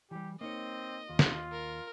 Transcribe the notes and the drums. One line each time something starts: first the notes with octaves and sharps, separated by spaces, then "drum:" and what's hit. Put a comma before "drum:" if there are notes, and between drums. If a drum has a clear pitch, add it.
E3 G3 G4
A#3 C4 D#4 C#5 D#5
D#2 F4
drum: snare
A#4